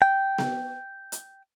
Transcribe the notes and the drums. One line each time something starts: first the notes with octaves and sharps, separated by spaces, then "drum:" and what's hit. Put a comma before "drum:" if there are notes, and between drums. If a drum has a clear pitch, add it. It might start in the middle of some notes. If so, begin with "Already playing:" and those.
G5
drum: snare B3
drum: hi-hat